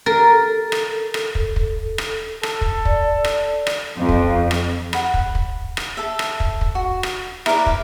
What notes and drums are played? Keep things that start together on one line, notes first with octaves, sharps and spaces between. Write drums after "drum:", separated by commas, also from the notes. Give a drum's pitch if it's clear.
A4 A#4
drum: rim click
drum: rim click
drum: kick
drum: kick
drum: rim click
A4, drum: rim click
drum: kick
D5, drum: kick
drum: rim click
drum: rim click
F2
drum: kick
drum: rim click
F#5 B5, drum: rim click
drum: kick
drum: kick
drum: rim click
A4 E5
drum: rim click
drum: kick
drum: kick
F#4
drum: rim click
E4 A#4 B4 D5, drum: rim click
drum: kick